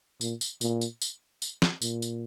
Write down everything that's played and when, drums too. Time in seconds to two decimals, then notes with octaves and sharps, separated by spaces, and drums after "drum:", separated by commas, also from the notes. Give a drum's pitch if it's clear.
0.21 A#2, drum: tambourine
0.41 drum: tambourine
0.61 A#2, drum: tambourine
0.81 drum: tambourine
1.02 drum: tambourine
1.42 drum: tambourine
1.62 drum: snare
1.82 A#2, drum: tambourine
2.02 drum: tambourine